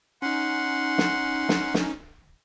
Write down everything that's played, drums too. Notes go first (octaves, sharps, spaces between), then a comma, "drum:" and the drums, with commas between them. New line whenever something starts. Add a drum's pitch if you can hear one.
C#4 D#4 F#5 C6
drum: snare
drum: snare
drum: snare